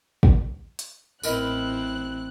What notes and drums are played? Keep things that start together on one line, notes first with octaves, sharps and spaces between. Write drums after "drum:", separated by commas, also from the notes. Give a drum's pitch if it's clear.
drum: kick
drum: hi-hat
A1 C4 E4 A#4 B4 D#5 F#6, drum: tambourine